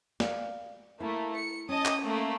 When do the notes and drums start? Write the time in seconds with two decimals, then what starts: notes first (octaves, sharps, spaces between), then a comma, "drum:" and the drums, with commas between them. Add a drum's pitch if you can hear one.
0.20 D5 F5, drum: snare
1.00 A3 A#3 E4
1.36 C#7
1.69 C#4 D#5 A5 D#6
1.86 drum: clap
2.03 A3 A#3